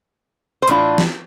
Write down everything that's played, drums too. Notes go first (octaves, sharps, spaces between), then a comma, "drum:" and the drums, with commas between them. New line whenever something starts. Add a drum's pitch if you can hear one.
C5
A2 E3 D4 F4, drum: hi-hat
drum: snare